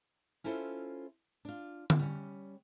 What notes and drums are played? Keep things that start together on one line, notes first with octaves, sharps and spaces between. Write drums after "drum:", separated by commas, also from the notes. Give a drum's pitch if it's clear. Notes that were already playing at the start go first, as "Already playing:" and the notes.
C#4 E4 F4 A4 C5
D4 F4
drum: tom D3
G3 C#4